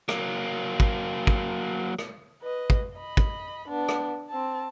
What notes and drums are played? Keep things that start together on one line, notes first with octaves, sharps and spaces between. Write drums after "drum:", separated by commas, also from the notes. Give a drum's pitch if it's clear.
F#3 A#3, drum: rim click
drum: kick
drum: kick
drum: rim click
B4 D#5
drum: kick
D#5 B5
drum: kick
B3 D4
drum: rim click
C4 A5